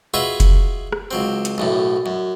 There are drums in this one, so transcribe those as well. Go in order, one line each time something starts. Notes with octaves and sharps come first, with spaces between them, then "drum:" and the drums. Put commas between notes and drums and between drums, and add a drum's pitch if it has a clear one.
F4 F#4 G#4 B4 D#5 E5
drum: kick F1, hi-hat
drum: rim click
C#2 F#3 C4
drum: hi-hat
B1 F#2 A2
F#2